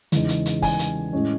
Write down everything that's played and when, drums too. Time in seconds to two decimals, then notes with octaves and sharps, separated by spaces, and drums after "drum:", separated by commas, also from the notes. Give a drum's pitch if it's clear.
0.12 E2 C#3 G#3 D#4, drum: hi-hat
0.29 drum: hi-hat
0.46 drum: hi-hat
0.62 G#5, drum: kick, open hi-hat
0.79 drum: hi-hat
1.13 A2 G#3 C#4